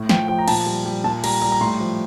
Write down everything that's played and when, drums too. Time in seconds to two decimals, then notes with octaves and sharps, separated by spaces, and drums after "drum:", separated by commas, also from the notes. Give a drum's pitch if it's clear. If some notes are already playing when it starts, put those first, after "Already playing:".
Already playing: A2
0.09 F3 G5, drum: snare
0.28 F3 G5
0.38 A#5
0.48 A#2 A5, drum: cymbal
0.66 G3
0.85 G3
1.04 A#2 A5
1.24 G3 A#5, drum: cymbal
1.42 G3 A#5
1.52 A#5
1.61 A2 C6
1.80 F3